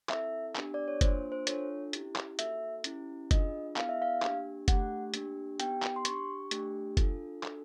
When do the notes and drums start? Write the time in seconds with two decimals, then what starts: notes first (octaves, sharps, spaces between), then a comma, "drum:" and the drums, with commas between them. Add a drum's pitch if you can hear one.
0.09 C4 E4 A4 E5, drum: clap
0.56 B3 D4 G4, drum: clap
0.74 D5
0.88 C#5
1.01 A#3 D4 F4 C5, drum: kick F#1, hi-hat
1.32 C5
1.47 D4 F4 A4 C#5, drum: hi-hat
1.93 C#4 E4 G4, drum: hi-hat
2.16 drum: clap
2.39 A#3 D#4 F#4 A4 E5, drum: hi-hat
2.84 C#4 E4 G4, drum: hi-hat
3.31 D4 F4 G#4 D#5, drum: kick F#1, hi-hat
3.76 B3 E4 G#4 F5, drum: clap
3.89 E5
4.02 F5
4.22 A#3 D4 G4, drum: clap
4.68 A3 D4 G4 F#5, drum: kick F#1, hi-hat
5.14 A#3 D4 G4, drum: hi-hat
5.60 B3 D#4 G4 G5, drum: hi-hat
5.82 drum: clap
5.96 C6
6.05 D4 G4 C#6, drum: hi-hat
6.51 A3 D4 G4, drum: hi-hat
6.97 D4 F4 A4, drum: kick F#1, hi-hat
7.43 D4 F#4 A4, drum: clap